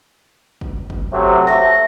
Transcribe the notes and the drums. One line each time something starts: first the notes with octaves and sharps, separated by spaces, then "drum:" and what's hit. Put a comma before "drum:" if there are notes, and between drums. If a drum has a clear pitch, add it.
drum: kick
drum: kick
C3 F#3 A3
A3 A#6, drum: snare